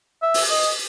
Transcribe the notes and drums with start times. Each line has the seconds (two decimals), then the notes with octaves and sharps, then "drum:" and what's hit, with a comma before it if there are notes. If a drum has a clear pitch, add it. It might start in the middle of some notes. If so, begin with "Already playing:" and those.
0.22 E5
0.34 drum: open hi-hat
0.50 D#5